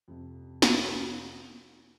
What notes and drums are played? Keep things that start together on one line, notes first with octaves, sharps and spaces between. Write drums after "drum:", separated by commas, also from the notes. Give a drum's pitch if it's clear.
F2 C3
drum: snare